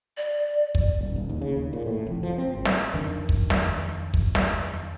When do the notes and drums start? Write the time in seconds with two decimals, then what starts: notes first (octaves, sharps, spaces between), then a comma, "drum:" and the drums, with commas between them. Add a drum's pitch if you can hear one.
0.17 D5
0.75 drum: kick
1.01 D#1
1.16 D#1
1.29 D#2
1.42 C#3
1.56 D#2
1.73 A#2
1.86 A2
2.07 F1
2.23 F3
2.38 C4
2.53 G#1
2.65 drum: snare
2.94 F2 D#3 D4
3.29 drum: kick
3.50 drum: snare
4.14 drum: kick
4.35 drum: snare